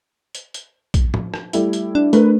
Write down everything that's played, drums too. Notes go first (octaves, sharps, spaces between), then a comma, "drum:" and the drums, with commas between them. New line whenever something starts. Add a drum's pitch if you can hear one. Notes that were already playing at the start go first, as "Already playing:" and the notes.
drum: hi-hat
drum: hi-hat
drum: kick A#1, hi-hat
drum: tom
drum: rim click
G3 A3 E4, drum: hi-hat
drum: hi-hat
D4
A3 A#4 B4, drum: hi-hat